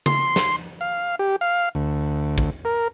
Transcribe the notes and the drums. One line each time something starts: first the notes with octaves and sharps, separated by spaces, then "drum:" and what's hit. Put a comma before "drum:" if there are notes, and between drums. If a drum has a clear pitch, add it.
C6, drum: tom C#3
drum: snare
F5
G4
F5
D2
drum: kick
A#4